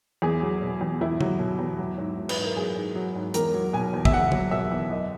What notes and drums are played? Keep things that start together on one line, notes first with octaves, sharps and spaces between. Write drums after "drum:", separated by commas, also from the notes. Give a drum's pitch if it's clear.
E2 G#4
F#3
B2
E2
E2 E4
F#3, drum: tom D3
B2
E2
F#3
G#2
F#3
B4, drum: cymbal
G#2
A#4
F#3 G#4
G#2
F#3
G#2
E2 A#4, drum: hi-hat
F#3
B2 G#5
E2
E5, drum: kick
E2 F#5
F#3, drum: tom D3
B2 E5
E2
F#2 D#5